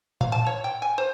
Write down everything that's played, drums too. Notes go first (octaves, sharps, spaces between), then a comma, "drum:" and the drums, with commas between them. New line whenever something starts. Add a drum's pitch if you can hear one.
F5, drum: tom A2
A5
C#5
G5
G#5
C5